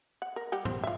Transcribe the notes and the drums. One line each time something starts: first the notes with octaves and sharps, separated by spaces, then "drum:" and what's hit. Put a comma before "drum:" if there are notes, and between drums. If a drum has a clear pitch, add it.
F#5
A#4
G3 G4 F#5
C5, drum: tom G#2
F4 E5